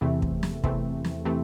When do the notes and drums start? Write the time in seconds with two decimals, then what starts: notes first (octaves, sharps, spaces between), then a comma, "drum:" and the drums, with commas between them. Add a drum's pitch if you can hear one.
0.01 E2 C3 E3 A3 C4
0.22 drum: kick
0.43 drum: snare
0.64 E2 C3 E3 A3 C4, drum: kick
1.05 drum: snare
1.25 C3 E3 A3 C4